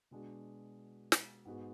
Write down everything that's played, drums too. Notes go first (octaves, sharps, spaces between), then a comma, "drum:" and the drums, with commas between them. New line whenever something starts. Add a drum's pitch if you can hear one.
B2 G#3 D4 F#4
drum: snare
G#2 G#3 B3 F#4